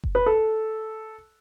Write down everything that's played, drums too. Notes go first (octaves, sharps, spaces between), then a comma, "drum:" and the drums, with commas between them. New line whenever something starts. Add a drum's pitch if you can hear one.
drum: kick F#1
B4
A4